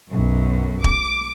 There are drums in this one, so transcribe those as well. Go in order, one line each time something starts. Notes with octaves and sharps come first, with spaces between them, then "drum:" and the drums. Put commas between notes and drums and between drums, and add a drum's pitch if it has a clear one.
B1 F#2
D6, drum: kick